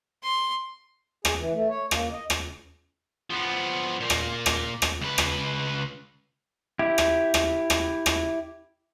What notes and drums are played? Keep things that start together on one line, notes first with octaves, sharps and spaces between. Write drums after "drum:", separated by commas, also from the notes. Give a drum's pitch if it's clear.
C6
G#4, drum: rim click
E3
A3
C#5
A#3, drum: rim click
D#5
drum: rim click
F3 B3
A#2 A#3
drum: rim click
drum: rim click
drum: rim click
C#2 B4
drum: rim click
E4 G4
drum: rim click
drum: rim click
drum: rim click
drum: rim click